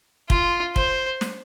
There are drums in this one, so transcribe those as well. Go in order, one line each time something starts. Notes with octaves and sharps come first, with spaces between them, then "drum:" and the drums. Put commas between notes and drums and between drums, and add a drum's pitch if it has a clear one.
F4, drum: kick
C5, drum: kick
drum: snare